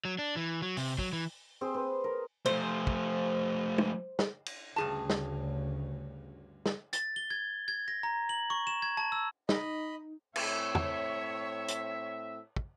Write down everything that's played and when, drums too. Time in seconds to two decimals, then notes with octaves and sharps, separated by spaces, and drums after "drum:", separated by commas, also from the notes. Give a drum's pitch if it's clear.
0.05 F#3
0.19 D4
0.36 E3
0.62 F#3
0.77 C3, drum: open hi-hat
0.98 F#3, drum: kick
1.13 E3
1.61 C4 G#4
1.74 B4 C5
2.04 A#4
2.46 F3 A3 C5
2.87 drum: kick
3.78 drum: tom
4.19 drum: snare
4.46 drum: cymbal
4.76 D2 G2 C#3 G#4 A5
5.10 drum: snare
6.66 drum: snare
6.93 A6, drum: hi-hat
7.16 G7
7.30 G#6
7.68 G#6
7.88 A#6
8.03 A#5
8.29 F#7
8.50 C#6
8.67 E7
8.82 G#6
8.97 A5
9.12 E6
9.49 D#4 D#5 B5, drum: snare
10.36 A2 C4 C#5 E5, drum: cymbal
10.75 drum: tom
11.68 drum: hi-hat
12.56 drum: kick